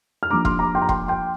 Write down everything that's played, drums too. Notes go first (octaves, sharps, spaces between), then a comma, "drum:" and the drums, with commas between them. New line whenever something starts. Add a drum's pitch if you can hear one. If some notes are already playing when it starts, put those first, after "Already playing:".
F6
F3 A#3 D4 A#5 D6
C6 F6, drum: kick E1
A#5 D6
G5 C6
A#5
G5 C6, drum: kick E1
G5 C6